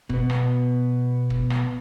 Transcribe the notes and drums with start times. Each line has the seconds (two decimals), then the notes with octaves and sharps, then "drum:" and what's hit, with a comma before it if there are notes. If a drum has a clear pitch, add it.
0.09 B2 B3, drum: kick
0.30 drum: rim click
1.30 drum: kick
1.50 drum: rim click